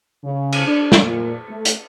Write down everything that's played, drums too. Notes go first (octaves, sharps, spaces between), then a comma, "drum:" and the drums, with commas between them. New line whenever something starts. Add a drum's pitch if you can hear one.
C#3
drum: cymbal
D4
drum: snare
A#2
A3
drum: hi-hat